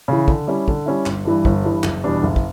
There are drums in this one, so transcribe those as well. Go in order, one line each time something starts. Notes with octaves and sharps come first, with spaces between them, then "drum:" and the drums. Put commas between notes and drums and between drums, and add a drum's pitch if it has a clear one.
C#3 E3
D3, drum: kick
G3 C#4 E4
D3, drum: kick
G3 C#4 E4
G1, drum: clap
G2 E3 G3
G1, drum: kick
G2 E3 G3
F#1, drum: clap
E2 B2 G3 D4
F#1
drum: kick